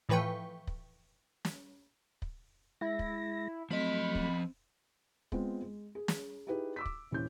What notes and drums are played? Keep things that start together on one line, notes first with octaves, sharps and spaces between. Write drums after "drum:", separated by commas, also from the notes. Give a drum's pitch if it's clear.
A2 E3 F3 B4 G5 C#6
drum: kick
drum: snare
drum: kick
G#3 E4 A#6
drum: kick
F3 F#3 A3 C4 D#5 B5
drum: kick
G#3 B3 C4 F4, drum: kick
G#3
G#4
drum: snare
D#4 E4 G4 G#4 B4
D6 E6 B6
drum: kick
D#1 E3 C#4 G6